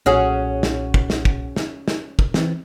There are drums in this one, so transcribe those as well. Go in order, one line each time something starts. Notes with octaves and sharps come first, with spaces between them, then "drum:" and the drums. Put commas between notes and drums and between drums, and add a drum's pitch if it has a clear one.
B1 A#2 C#4 F#4 G#4 F#5
drum: snare
drum: kick
drum: snare
drum: kick
drum: snare
drum: snare
drum: kick
E3 C4, drum: snare